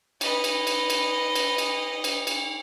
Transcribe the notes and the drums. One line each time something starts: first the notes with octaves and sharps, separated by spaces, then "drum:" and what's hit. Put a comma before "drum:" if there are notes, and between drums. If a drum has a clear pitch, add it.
B4 D#5, drum: cymbal
drum: cymbal
drum: cymbal
drum: cymbal
drum: cymbal
drum: cymbal
drum: cymbal
drum: cymbal